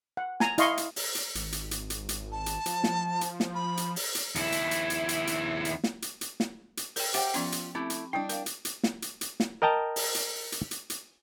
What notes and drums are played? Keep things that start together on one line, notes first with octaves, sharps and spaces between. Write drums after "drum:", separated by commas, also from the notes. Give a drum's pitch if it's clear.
F#5
G#5 A#5, drum: snare
E4 D#5 F5 C6 C#6, drum: hi-hat
drum: hi-hat
drum: open hi-hat
drum: hi-hat
G#1, drum: hi-hat
drum: hi-hat
drum: hi-hat
drum: hi-hat
drum: hi-hat
A5
drum: hi-hat
F3, drum: hi-hat
drum: snare
drum: hi-hat
drum: snare
B5
drum: hi-hat
drum: open hi-hat
drum: hi-hat
D#2 E4, drum: hi-hat
drum: hi-hat
drum: hi-hat
drum: hi-hat
drum: hi-hat
drum: hi-hat
drum: hi-hat
drum: snare
drum: hi-hat
drum: hi-hat
drum: snare
drum: hi-hat
A#4 G5, drum: open hi-hat
G4 C5 E5 F#5 G5, drum: hi-hat
F3 B3 C#4 F4, drum: hi-hat
drum: hi-hat
A3 C4 E4 G4
drum: hi-hat
G3 D4 E4 G5
A#4 F5, drum: hi-hat
drum: hi-hat
drum: hi-hat
drum: snare
drum: hi-hat
drum: hi-hat
drum: snare
A#4 D#5 G5 A5 A#5
drum: open hi-hat
drum: hi-hat
drum: hi-hat
drum: hi-hat
drum: hi-hat